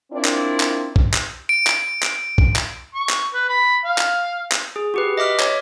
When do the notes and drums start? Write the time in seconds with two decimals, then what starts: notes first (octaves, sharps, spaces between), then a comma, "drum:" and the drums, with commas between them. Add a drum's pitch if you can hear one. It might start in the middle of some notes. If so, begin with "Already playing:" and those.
0.12 C4 D4 E4 F4 A#4 D5
0.25 drum: clap
0.60 drum: clap
0.96 drum: kick
1.14 drum: clap
1.49 D7
1.67 drum: clap
2.03 drum: clap
2.38 drum: kick
2.56 drum: clap
2.94 C#6
3.09 drum: clap
3.34 B4
3.50 B5
3.85 F5
3.98 drum: clap
4.52 drum: clap
4.76 G#4
4.94 F#4 G4 B4
5.18 D#5 E5 D6 F6
5.40 C#5, drum: clap